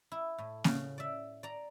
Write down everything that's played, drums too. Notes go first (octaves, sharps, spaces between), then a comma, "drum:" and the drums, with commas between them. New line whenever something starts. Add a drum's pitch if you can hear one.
E4
A2
C#3, drum: snare A#3
D5 E5
D5 A#5